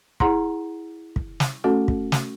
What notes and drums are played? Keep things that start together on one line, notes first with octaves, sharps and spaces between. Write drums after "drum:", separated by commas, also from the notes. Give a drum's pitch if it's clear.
E4 G#4 F#5 A#5 C6, drum: kick
drum: kick
drum: snare
A3 C#4 F#4 A4
drum: kick
drum: snare